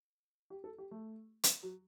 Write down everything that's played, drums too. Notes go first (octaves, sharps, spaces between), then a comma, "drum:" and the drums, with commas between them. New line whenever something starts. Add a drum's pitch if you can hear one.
G4
A4
G4
A3
drum: hi-hat
F#3